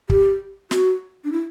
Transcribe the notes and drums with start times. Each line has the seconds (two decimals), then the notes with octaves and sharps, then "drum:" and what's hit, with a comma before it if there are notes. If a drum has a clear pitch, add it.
0.10 G4, drum: kick
0.71 F#4, drum: snare
1.25 D4
1.32 E4